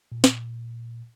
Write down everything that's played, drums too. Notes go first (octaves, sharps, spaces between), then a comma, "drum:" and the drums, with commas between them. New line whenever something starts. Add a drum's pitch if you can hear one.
A#2
drum: snare